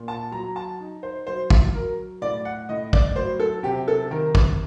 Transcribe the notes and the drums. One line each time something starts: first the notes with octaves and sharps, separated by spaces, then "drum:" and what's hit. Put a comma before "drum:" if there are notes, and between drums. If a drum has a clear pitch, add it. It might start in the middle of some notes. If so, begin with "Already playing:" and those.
Already playing: A#2
A5
F#3 A#5
A5
D#4
C5
F#3 C5
drum: kick
F#3 A#4
A2 D5
F#5
A2 D#5
D5, drum: kick
F#3 C5
A4
C3 G4
A4
D#3 A#4
drum: kick